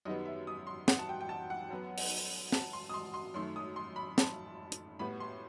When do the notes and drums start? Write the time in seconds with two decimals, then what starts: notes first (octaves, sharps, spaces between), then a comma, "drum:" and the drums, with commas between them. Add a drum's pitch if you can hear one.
0.05 F#2 D#3 G3 B3 D#5
0.26 E5
0.47 D#6
0.67 C6
0.88 F#5, drum: snare
0.99 A5
1.09 G5
1.21 G5
1.29 A5
1.50 F#5
1.70 F#2 F#3 B3
1.98 drum: open hi-hat
2.52 A5, drum: snare
2.73 C6
2.89 D#6
2.94 C6
3.14 C6
3.34 F#2 D#3 A3 C6
3.56 D#6
3.76 C6
3.96 B5
4.18 A5, drum: snare
4.72 drum: hi-hat
4.99 A2 G3 B3 B5
5.20 C6